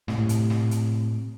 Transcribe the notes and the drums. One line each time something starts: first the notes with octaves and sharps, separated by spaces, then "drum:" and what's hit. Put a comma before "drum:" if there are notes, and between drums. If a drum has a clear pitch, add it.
A2 C3, drum: snare
drum: hi-hat
drum: snare
drum: hi-hat